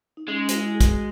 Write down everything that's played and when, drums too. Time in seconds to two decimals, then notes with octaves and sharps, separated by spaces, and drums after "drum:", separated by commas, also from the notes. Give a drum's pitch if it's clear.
0.17 D#4
0.28 G#3 C#4
0.49 F#4, drum: hi-hat
0.54 E4
0.75 G#4
0.81 F#4, drum: kick, hi-hat